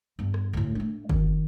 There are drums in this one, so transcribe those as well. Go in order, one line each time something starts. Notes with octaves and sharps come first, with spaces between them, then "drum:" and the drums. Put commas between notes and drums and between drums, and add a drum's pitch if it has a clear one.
G2 B3
drum: rim click
D2 A2
A3 D4
D#3, drum: kick